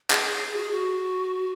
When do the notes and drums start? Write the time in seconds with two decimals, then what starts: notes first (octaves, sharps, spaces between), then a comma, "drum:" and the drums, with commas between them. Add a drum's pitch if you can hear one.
0.10 G#4, drum: clap
0.57 F#4
0.63 G#4
0.71 F#4